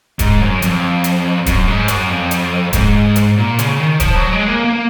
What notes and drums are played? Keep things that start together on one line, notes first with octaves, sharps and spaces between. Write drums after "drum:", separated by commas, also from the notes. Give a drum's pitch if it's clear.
G#2, drum: kick, hi-hat
F#2
F2, drum: hi-hat
drum: hi-hat
F#2, drum: kick, hi-hat
G#2
F#2, drum: hi-hat
F2
drum: hi-hat
G#2, drum: kick, hi-hat
drum: hi-hat
A#2
C#3, drum: hi-hat
C#3
D#3
F3, drum: kick, hi-hat
F#3
G#3
A#3
A#3